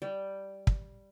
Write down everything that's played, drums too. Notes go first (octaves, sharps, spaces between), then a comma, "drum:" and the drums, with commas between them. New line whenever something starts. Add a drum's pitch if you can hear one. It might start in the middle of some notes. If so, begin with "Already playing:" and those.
G3
drum: kick